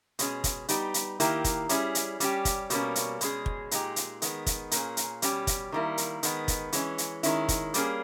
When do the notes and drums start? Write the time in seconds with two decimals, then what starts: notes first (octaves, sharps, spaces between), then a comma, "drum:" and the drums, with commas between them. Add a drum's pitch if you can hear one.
0.19 B2 G#3 C#4 G#4, drum: hi-hat
0.44 drum: kick, hi-hat
0.69 G3 B3 D#4 G4, drum: hi-hat
0.94 drum: hi-hat
1.20 D#3 A#3 E4 G4, drum: hi-hat
1.44 drum: kick, hi-hat
1.69 G3 C#4 E4 G#4, drum: hi-hat
1.95 drum: hi-hat
2.20 G3 C#4 G4, drum: hi-hat
2.45 drum: kick, hi-hat
2.70 B2 G3 A#3 C#4, drum: hi-hat
2.95 drum: hi-hat
3.21 B2 G#3 C#4 G#4, drum: hi-hat
3.46 drum: kick
3.71 A#2 G#3 D#4 G4, drum: hi-hat
3.96 drum: hi-hat
4.22 D#3 G#3 B3, drum: hi-hat
4.47 drum: kick, hi-hat
4.71 A#2 A#3 C#4 G#4, drum: hi-hat
4.97 drum: hi-hat
5.22 B2 G3 C#4 G4, drum: hi-hat
5.47 drum: kick, hi-hat
5.72 D#3 G3 A#3 E4
5.98 drum: hi-hat
6.23 D#3 G#3 B3, drum: hi-hat
6.48 drum: kick, hi-hat
6.73 E3 G#3 C#4, drum: hi-hat
6.98 drum: hi-hat
7.23 D#3 G#3 C#4 E4, drum: hi-hat
7.49 drum: kick, hi-hat
7.74 G3 A#3 C#4 G#4, drum: hi-hat